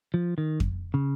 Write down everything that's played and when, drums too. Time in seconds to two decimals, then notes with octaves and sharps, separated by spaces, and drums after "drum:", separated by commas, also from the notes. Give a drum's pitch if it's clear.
0.14 F3
0.38 D#3
0.60 drum: kick F2
0.94 C#3